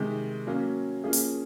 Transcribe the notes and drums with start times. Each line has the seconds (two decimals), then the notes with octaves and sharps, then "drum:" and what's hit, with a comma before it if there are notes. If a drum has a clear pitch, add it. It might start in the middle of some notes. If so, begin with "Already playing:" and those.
Already playing: C3 D#3 G#3
0.47 F#3 A#3 C#4
1.04 F3 A#3 C#4 G#4
1.13 drum: open hi-hat